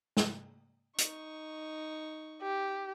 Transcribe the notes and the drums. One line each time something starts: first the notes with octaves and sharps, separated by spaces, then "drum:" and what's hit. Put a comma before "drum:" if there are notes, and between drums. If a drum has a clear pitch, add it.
drum: snare
D#4 C#6, drum: hi-hat
G4